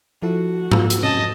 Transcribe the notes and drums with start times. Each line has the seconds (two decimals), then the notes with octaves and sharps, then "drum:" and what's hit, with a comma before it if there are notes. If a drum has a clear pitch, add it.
0.22 F3 E4 F#4 A4
0.71 F4 E6, drum: tom G#2
0.90 drum: hi-hat
1.03 C3 C#4 D#5 A5